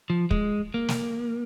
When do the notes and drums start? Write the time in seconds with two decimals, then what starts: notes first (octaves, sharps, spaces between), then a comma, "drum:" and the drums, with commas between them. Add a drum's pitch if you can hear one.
0.10 F3
0.31 G#3, drum: kick
0.74 A#3
0.89 drum: snare